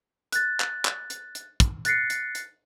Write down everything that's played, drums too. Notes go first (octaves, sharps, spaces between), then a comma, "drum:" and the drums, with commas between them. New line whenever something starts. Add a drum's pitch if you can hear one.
F#6 A6, drum: hi-hat
drum: clap
drum: clap
drum: hi-hat
drum: hi-hat
drum: kick, hi-hat
F#6 A6 A#6 C7 C#7, drum: hi-hat
drum: hi-hat
drum: hi-hat